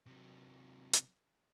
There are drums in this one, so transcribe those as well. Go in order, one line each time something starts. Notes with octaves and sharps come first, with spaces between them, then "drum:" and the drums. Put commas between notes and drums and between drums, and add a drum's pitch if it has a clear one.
C3 F#3
drum: hi-hat